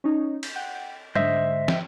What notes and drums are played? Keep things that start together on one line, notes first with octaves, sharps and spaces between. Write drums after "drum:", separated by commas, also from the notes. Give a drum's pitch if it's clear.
C#4 D#4
drum: cymbal
F#5 G5
G#2 D3 C5 D#5 E5, drum: tom
G5, drum: snare